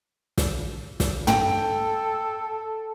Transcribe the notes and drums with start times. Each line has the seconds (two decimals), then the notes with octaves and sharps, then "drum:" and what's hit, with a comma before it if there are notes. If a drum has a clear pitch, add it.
0.38 drum: snare
1.00 drum: snare
1.27 A4 G5, drum: tom